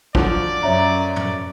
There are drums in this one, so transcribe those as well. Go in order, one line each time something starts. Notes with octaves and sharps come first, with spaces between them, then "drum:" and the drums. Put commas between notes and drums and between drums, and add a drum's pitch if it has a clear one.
D3 F3 F#3 D5, drum: kick
F#2 C#5 E5 A#5
drum: tom